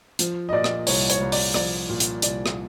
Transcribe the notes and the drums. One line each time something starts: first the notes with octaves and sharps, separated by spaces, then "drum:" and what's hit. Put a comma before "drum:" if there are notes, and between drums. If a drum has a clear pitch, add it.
F3, drum: hi-hat
D#5
A#2 D5
drum: rim click
C2 C#5, drum: open hi-hat
C#5, drum: hi-hat
C2
D5, drum: open hi-hat
F3 D5, drum: rim click
A#2
drum: hi-hat
C2 D5, drum: hi-hat
drum: rim click